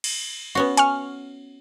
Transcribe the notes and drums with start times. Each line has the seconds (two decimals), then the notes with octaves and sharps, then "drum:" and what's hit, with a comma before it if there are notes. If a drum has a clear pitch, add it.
0.04 drum: cymbal
0.55 B3 C#4 F#4
0.77 G#5 C#6 F6, drum: hi-hat